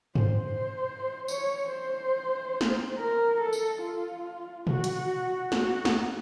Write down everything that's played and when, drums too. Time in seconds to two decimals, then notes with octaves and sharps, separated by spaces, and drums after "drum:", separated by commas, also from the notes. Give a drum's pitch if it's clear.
0.15 C5, drum: tom
0.44 C5
1.28 C#5, drum: tambourine
1.70 C5
2.61 drum: snare
2.98 A#4
3.40 A4
3.53 drum: tambourine
3.82 F4
4.67 F#4, drum: tom
4.84 drum: hi-hat
5.52 F#4, drum: snare
5.85 drum: snare